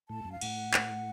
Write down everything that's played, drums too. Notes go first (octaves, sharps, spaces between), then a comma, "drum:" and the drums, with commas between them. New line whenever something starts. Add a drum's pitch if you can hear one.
A2 A5
F#2
F5
A2 F#5, drum: cymbal
drum: clap